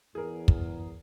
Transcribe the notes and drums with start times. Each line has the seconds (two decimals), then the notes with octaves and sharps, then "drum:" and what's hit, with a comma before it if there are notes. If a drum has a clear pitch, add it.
0.15 E2 G#4 A#4
0.48 drum: kick